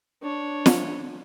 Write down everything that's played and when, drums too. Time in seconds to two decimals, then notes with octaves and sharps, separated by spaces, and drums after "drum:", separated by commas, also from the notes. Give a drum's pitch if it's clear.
0.22 D4 C#5
0.66 drum: snare